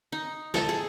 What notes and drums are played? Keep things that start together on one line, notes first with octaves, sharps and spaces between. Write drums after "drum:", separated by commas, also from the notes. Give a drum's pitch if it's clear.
D#4
A4, drum: snare
G#4